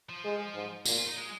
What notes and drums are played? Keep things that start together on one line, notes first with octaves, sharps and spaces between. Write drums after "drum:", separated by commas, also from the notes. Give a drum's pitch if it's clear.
F3
G#3
G#2
A#2 A#3, drum: tambourine
F4
D#4
G#3